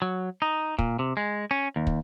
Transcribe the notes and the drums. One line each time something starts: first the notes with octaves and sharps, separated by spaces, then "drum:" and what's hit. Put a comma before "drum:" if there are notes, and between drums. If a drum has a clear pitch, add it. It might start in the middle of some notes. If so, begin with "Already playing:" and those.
F#3
D#4
A#2, drum: kick
C3
G#3
C#4
D#2
drum: kick